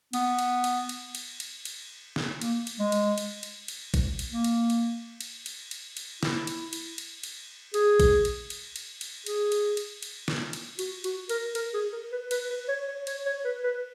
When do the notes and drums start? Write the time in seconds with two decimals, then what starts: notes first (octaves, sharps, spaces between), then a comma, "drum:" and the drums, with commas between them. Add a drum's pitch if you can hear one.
0.13 B3, drum: cymbal
0.39 drum: cymbal
0.64 drum: cymbal
0.89 drum: cymbal
1.15 drum: cymbal
1.40 drum: cymbal
1.65 drum: cymbal
2.16 drum: snare
2.41 A#3, drum: cymbal
2.67 drum: cymbal
2.79 G#3
2.92 drum: cymbal
3.18 drum: cymbal
3.43 drum: cymbal
3.68 drum: cymbal
3.94 drum: kick A1, cymbal
4.19 drum: cymbal
4.32 A#3
4.44 drum: cymbal
4.70 drum: cymbal
5.21 drum: cymbal
5.46 drum: cymbal
5.71 drum: cymbal
5.97 drum: cymbal
6.23 E4, drum: snare
6.47 drum: cymbal
6.73 drum: cymbal
6.98 drum: cymbal
7.23 drum: cymbal
7.74 G#4, drum: cymbal
8.00 drum: kick A1, cymbal
8.25 drum: cymbal
8.50 drum: cymbal
8.76 drum: cymbal
9.01 drum: cymbal
9.26 G#4, drum: cymbal
9.52 drum: cymbal
9.77 drum: cymbal
10.02 drum: cymbal
10.28 drum: snare
10.53 drum: cymbal
10.79 F#4, drum: cymbal
11.04 F#4, drum: cymbal
11.29 A#4, drum: cymbal
11.55 A#4, drum: cymbal
11.74 G#4
11.93 A#4
12.12 B4
12.31 B4, drum: cymbal
12.50 B4
12.68 C#5
12.88 C#5
13.07 C#5, drum: cymbal
13.26 C#5
13.45 B4
13.64 B4